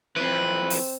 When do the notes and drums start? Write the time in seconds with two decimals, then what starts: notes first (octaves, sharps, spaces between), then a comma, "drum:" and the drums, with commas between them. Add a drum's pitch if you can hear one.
0.16 F2 E3 C4 B4
0.70 drum: open hi-hat